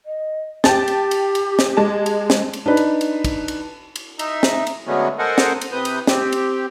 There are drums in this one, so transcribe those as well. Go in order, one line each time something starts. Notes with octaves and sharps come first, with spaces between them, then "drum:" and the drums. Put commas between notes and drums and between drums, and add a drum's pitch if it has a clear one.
D#5
G4 G5 A5 A6, drum: snare
drum: cymbal
drum: cymbal
drum: cymbal
drum: snare
G#3 A5
drum: cymbal
drum: snare
drum: cymbal
D4 D#4 B4
drum: cymbal
drum: cymbal
drum: kick, cymbal
drum: cymbal
drum: cymbal
D#4 E5, drum: cymbal
drum: snare
drum: cymbal
D3 F#3 G#3 A3 B3 C#4
A4 A#4 C5 D#5 F#5 G#5
drum: snare
drum: cymbal
C3 B4 D#6 G6
drum: cymbal
C4 G4, drum: snare
drum: cymbal